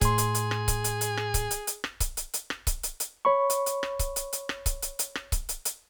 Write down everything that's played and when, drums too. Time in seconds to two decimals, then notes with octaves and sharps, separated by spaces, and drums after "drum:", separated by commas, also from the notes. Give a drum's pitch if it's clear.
0.01 A2 G#4 C6, drum: kick C#1, hi-hat
0.18 drum: hi-hat
0.35 drum: hi-hat
0.51 drum: rim click
0.68 drum: kick C#1, hi-hat
0.84 drum: hi-hat
1.01 drum: hi-hat
1.17 drum: rim click
1.34 drum: kick C#1, hi-hat
1.51 drum: hi-hat
1.67 drum: hi-hat
1.84 drum: rim click
2.00 drum: kick C#1, hi-hat
2.17 drum: hi-hat
2.34 drum: hi-hat
2.50 drum: rim click
2.67 drum: kick C#1, hi-hat
2.83 drum: hi-hat
3.00 drum: hi-hat
3.25 C#5 B5 C#6
3.50 drum: hi-hat
3.66 drum: hi-hat
3.83 drum: rim click
3.99 drum: kick C#1, hi-hat
4.16 drum: hi-hat
4.33 drum: hi-hat
4.49 drum: rim click
4.66 drum: kick C#1, hi-hat
4.82 drum: hi-hat
4.99 drum: hi-hat
5.15 drum: rim click
5.32 drum: kick C#1, hi-hat
5.49 drum: hi-hat
5.65 drum: hi-hat